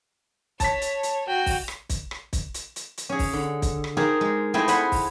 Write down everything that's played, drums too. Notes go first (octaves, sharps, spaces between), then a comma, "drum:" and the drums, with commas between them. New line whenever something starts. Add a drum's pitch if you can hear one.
C#5 A5 B6, drum: kick, hi-hat
drum: hi-hat
drum: hi-hat
F#4 G5
drum: kick, open hi-hat
drum: rim click
drum: kick, hi-hat
drum: rim click
drum: kick, hi-hat
drum: hi-hat
drum: hi-hat
drum: hi-hat
C#4 G#4
drum: kick, open hi-hat
D3
drum: kick, hi-hat
drum: rim click
D#4 G4 G#4 A#4 C5
G#3
A3 C4 E4 G#4 D#5 G5
C5 F#5 G#5 B5, drum: hi-hat
drum: kick, open hi-hat